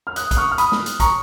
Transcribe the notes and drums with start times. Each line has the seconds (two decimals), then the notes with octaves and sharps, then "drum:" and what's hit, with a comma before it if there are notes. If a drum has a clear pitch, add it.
0.07 F6
0.16 D#6 F#6, drum: hi-hat
0.31 D#6, drum: kick, hi-hat
0.37 C#6 F6
0.51 F6
0.58 B5 D#6, drum: hi-hat
0.72 drum: snare
0.86 drum: hi-hat
1.00 A#5 C#6, drum: kick, hi-hat